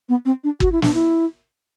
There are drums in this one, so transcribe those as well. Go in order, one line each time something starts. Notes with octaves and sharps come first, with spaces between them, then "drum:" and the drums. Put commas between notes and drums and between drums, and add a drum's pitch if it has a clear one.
B3
C4
D4
F#4, drum: kick
E4
D4, drum: snare
E4